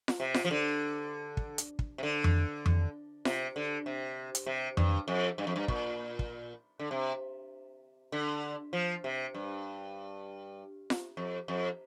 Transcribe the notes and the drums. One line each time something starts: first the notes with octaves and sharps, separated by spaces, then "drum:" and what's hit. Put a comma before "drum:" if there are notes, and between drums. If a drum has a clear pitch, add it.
drum: snare F4
C3
drum: snare F4
F3
D3
drum: kick
drum: hi-hat
drum: kick
C3
D3
drum: tom F2
drum: tom F2
C3, drum: snare F4
D3
C3
drum: hi-hat
C3
G2, drum: tom F2
F2
G2
F2
G2
A#2, drum: kick
drum: kick
D3
C3
D3
F3
C3
G2
drum: snare F4
F2
F2